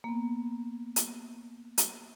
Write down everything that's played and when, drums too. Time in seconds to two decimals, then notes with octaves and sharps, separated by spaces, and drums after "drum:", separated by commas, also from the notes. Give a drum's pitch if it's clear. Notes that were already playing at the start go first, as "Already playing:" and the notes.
0.04 A#3 B3
0.96 drum: hi-hat
1.78 drum: hi-hat